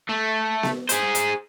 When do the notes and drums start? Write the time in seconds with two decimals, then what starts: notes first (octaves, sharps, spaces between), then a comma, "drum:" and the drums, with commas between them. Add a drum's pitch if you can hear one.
0.09 A3
0.63 drum: snare B3
0.89 G#4 C5, drum: hi-hat
1.15 drum: hi-hat